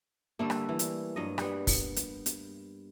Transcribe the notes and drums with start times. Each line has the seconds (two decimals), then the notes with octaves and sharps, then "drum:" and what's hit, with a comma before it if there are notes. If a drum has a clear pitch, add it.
0.39 D3 G3 A3 A#3 E6
0.50 drum: rim click
0.69 E3
0.79 drum: hi-hat
1.16 G2 F#3 D#5
1.38 G3 B3, drum: rim click
1.67 drum: kick, open hi-hat
1.96 drum: hi-hat
2.26 drum: hi-hat